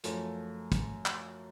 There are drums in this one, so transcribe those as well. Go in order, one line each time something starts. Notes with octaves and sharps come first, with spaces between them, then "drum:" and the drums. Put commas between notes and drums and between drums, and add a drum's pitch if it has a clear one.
F#2 F3 A3, drum: hi-hat
drum: kick, hi-hat
drum: clap